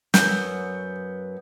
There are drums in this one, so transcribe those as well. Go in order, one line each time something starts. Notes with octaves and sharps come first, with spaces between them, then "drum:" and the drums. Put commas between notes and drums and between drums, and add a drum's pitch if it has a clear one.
F#2 F#3 B3 G6, drum: snare